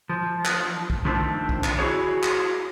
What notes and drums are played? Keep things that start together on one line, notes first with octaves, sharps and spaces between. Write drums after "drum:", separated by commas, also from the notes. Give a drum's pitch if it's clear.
F3
drum: clap
drum: kick
D#3 F3 A3 C4 D4
drum: kick
drum: clap
E4 F#4 G#4 C#5
drum: clap